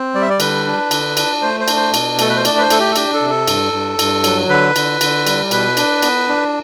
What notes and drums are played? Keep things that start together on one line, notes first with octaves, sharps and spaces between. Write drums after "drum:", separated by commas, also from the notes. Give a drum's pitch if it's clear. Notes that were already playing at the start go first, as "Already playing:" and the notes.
Already playing: C4
G3 D5
E5
D5
D3 B4, drum: cymbal
D4
D3, drum: cymbal
D4, drum: cymbal
A3 C5
C5
D4, drum: cymbal
C5
B2, drum: cymbal
A3 A4, drum: cymbal
B4
C5
D4 D5, drum: cymbal
B4
C5
A3 A4, drum: cymbal
G4
A4
D4 G4, drum: cymbal
A4
C3
A4
G2, drum: cymbal
G2
G2, drum: cymbal
F#3, drum: cymbal
D3 B4
D3, drum: cymbal
D3, drum: cymbal
G3, drum: cymbal
B2 B4, drum: cymbal
D4, drum: cymbal
B3, drum: cymbal
D4